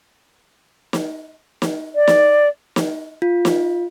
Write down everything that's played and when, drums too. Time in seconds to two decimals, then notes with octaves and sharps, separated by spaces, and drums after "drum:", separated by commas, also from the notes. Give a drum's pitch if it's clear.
0.93 drum: snare
1.62 drum: snare
1.95 D5
2.08 drum: snare
2.76 drum: snare
3.22 F4
3.45 drum: snare